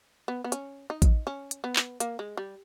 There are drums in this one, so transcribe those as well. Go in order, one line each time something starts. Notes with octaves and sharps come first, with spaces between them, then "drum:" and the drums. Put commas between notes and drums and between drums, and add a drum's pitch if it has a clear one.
B3
B3
C#4, drum: hi-hat
D#4
drum: kick A1, hi-hat
C#4
drum: hi-hat
B3
drum: clap
A#3, drum: hi-hat
G#3
G3